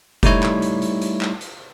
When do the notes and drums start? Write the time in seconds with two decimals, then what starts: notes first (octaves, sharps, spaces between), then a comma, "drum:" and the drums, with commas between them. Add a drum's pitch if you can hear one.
0.23 G3 A3 D#4 E4 C#5, drum: kick F1, hi-hat
0.43 drum: clap
0.62 drum: hi-hat
0.82 drum: hi-hat
1.02 drum: hi-hat
1.21 drum: clap
1.41 drum: hi-hat